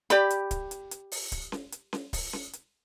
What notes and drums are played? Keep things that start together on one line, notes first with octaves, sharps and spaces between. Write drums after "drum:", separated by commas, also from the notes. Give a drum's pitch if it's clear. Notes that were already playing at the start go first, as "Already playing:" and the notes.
G4 D5 B5, drum: hi-hat
drum: hi-hat
drum: kick D1, hi-hat
drum: hi-hat
drum: hi-hat
drum: open hi-hat
drum: kick D1, hi-hat
drum: snare C#4
drum: hi-hat
drum: snare C#4
drum: kick D1, open hi-hat
drum: snare C#4
drum: hi-hat